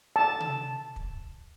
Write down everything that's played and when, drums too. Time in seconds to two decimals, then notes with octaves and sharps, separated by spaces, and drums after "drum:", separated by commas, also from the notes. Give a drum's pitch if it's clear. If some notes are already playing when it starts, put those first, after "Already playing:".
0.16 A5
0.40 drum: tom C3
0.96 drum: kick